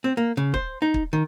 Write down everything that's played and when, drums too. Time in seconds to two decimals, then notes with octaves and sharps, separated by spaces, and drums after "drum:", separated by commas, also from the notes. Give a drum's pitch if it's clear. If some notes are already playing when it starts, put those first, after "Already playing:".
0.04 C4
0.17 A#3
0.37 C#3
0.54 C5, drum: kick
0.82 D#4
0.94 drum: kick
1.13 D#3